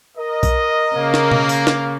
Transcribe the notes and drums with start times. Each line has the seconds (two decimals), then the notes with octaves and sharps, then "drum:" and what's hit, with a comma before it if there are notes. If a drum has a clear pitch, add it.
0.18 A#4 D#5
0.43 drum: kick B1, tambourine
0.96 C#3 A#3
1.14 drum: snare
1.31 drum: tom B2
1.49 drum: tambourine
1.67 drum: snare